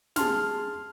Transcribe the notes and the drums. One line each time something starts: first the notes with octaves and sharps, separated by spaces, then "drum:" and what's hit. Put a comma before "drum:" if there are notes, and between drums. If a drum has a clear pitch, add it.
G#4 A5 C6 F6, drum: snare